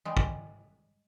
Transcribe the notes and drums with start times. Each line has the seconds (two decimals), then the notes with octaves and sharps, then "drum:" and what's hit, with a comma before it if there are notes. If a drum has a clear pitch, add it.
0.05 G3 G#3
0.17 drum: kick